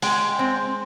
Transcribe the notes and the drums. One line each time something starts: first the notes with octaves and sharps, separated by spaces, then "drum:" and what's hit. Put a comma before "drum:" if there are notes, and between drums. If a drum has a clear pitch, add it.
G#3 G5, drum: open hi-hat
C4